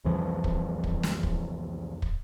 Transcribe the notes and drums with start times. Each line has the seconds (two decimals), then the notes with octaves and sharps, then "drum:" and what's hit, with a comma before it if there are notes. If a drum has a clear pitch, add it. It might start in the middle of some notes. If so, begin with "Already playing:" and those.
0.05 C2 F2 E3 F3
0.44 drum: kick
0.84 drum: kick
1.03 drum: snare
1.23 drum: kick
2.02 drum: kick